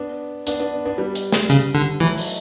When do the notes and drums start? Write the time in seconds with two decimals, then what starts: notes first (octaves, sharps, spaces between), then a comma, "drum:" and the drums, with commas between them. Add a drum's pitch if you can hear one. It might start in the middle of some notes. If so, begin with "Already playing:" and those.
Already playing: B3 D4
0.47 B3 D4, drum: hi-hat
0.60 B3 D4
0.85 B3 D4
0.98 G3 B3
1.15 drum: hi-hat
1.32 drum: snare
1.50 C#3, drum: hi-hat
1.75 D3
2.00 E3 F#3 A3
2.18 drum: open hi-hat